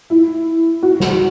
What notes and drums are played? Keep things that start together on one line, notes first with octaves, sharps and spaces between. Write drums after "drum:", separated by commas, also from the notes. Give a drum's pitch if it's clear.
E4
F#4
drum: snare